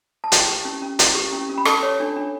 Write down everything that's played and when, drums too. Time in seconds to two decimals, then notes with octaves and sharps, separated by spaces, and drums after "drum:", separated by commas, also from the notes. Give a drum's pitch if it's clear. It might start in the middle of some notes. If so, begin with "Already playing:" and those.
0.24 A5
0.32 E4 G5, drum: hi-hat
0.48 G4
0.65 C#4
0.82 C#4
0.99 E4, drum: hi-hat
1.15 G4
1.33 C#4
1.49 C#4
1.58 B5
1.65 A4 A5, drum: rim click
1.83 C#5
2.00 D4
2.16 D4